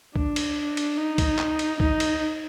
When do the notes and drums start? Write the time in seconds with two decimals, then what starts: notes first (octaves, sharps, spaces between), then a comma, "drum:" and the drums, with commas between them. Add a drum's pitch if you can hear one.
0.16 D4, drum: kick C#2
0.36 drum: cymbal
0.77 drum: cymbal
0.97 D#4
1.18 drum: kick C#2, cymbal
1.39 drum: clap
1.59 drum: cymbal
1.80 D#4, drum: kick C#2
2.00 drum: cymbal